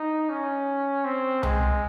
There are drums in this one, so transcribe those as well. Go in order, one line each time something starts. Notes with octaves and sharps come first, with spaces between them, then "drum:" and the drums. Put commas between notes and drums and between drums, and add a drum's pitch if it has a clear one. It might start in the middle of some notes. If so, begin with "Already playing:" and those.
Already playing: D#4
C#4
C4
G#3, drum: tom C2